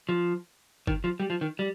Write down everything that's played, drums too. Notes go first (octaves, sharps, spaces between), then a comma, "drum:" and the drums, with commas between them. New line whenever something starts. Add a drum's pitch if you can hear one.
F3
D#3, drum: kick G1
F3
G3
F3
D#3
G3